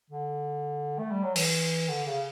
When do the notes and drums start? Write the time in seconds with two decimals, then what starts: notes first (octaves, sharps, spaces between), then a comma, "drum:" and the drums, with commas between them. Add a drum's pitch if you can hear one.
0.10 D3
0.99 A3
1.11 G3
1.23 F#3
1.36 E3, drum: open hi-hat
1.89 D3
2.07 C#3